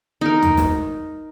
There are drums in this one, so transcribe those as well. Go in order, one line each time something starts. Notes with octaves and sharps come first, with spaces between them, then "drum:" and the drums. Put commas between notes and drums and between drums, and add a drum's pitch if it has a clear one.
D#4 A#4
drum: tom D#2
drum: snare